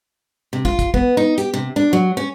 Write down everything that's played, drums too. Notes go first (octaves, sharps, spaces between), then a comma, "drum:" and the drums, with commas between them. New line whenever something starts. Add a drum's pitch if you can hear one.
C3
F4, drum: kick
drum: kick, hi-hat
B3, drum: kick
D#4
G4, drum: hi-hat
C3
D4
F#3
C#4